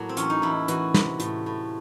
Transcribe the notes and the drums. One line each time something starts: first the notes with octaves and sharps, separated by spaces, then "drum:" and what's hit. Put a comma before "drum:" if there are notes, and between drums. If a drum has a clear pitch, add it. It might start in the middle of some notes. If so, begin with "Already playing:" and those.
Already playing: A2 F#3 A#3
C4
E2 C#4, drum: hi-hat
D#4
E2 E4
E3 F#4, drum: hi-hat
C3, drum: snare
A2, drum: hi-hat
A2